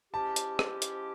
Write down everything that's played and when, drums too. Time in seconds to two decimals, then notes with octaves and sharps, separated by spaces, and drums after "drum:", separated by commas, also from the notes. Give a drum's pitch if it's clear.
0.13 F3 G#3 C#4 E4 G4 A5
0.36 drum: hi-hat
0.59 drum: rim click
0.82 drum: hi-hat